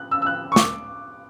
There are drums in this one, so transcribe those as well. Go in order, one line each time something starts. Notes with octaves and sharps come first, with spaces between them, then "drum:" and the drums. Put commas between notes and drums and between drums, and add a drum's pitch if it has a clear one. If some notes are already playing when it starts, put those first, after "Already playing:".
Already playing: F#6
E6
E6
F#6
C#6
D6, drum: snare